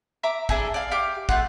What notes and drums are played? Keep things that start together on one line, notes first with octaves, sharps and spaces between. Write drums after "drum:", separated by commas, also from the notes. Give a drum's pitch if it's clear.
E5 A#5 D6
D4 E4 G#4 A4, drum: kick
D5 F5
G4 F5 D6
A3 F4 F#5, drum: kick